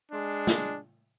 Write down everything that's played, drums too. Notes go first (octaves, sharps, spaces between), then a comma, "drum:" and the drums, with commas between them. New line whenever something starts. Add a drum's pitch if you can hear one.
G#3 D4
drum: snare